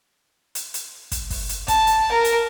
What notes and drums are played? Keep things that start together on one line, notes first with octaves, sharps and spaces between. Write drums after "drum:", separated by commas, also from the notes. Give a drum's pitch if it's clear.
drum: hi-hat
drum: hi-hat
drum: kick, hi-hat
drum: kick, open hi-hat
drum: hi-hat
A5, drum: kick, hi-hat
drum: hi-hat
A#4
drum: hi-hat